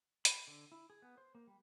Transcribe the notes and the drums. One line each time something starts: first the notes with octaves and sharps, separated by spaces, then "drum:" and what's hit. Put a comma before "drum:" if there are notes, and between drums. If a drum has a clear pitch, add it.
B5, drum: hi-hat
D3
E4
G#4
B3
C5
A#3
G3